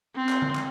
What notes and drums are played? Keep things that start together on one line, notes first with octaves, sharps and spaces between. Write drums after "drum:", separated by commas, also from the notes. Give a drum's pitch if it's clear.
C4
drum: clap
drum: tom D3
drum: clap